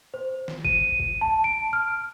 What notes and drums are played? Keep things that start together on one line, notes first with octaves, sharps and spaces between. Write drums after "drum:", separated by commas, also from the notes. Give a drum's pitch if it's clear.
C5
drum: snare
D#7, drum: kick
drum: kick
A5
D7
F6